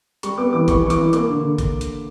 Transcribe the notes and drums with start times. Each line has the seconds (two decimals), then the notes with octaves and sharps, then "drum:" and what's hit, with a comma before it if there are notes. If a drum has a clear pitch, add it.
0.23 G3 C#6, drum: hi-hat
0.38 B3 D6
0.53 E3 D6
0.68 E3 C#6, drum: kick A1, hi-hat
0.83 E3 C#6
0.90 D6, drum: hi-hat
0.98 E3
1.13 A#3 D6, drum: hi-hat
1.29 D3
1.43 D3
1.58 drum: kick A1, hi-hat
1.81 drum: hi-hat